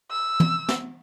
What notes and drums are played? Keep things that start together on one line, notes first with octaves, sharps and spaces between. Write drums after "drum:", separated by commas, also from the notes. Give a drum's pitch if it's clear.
E6
drum: tom
drum: snare